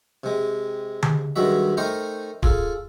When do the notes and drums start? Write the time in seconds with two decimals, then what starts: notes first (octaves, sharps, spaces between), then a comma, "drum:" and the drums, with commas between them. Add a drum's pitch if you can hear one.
0.24 C3 G#3
1.03 drum: tom D3
1.36 G2 D#3 F#3 G#3 F#4 E5
1.77 A3 D#4 A#4 C5 G5 C#6
2.43 F4 G#4 A4, drum: kick D1